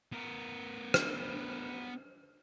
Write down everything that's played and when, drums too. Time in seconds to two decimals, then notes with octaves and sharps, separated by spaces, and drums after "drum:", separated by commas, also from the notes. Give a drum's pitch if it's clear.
0.12 B3 A#4
0.94 drum: rim click